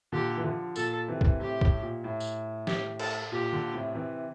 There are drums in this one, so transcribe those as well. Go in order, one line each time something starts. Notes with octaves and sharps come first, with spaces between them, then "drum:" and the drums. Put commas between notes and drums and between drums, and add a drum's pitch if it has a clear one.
A#2 D3 G4
E3
D3 F3
A#2 A4, drum: tambourine
C3 E3
drum: kick
A2 C3 G4
A2, drum: kick
A#2
A2
drum: tambourine
G4, drum: snare
A4, drum: cymbal
A#2 G4
A#2 D3
A2 C3
C3 E3